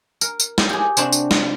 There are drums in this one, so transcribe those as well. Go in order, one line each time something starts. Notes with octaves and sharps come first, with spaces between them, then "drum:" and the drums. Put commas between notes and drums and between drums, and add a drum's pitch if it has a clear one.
A#4, drum: tambourine
drum: tambourine
drum: snare
G4 G#4
C3 C4 D4 F#4, drum: tambourine
drum: tambourine
drum: snare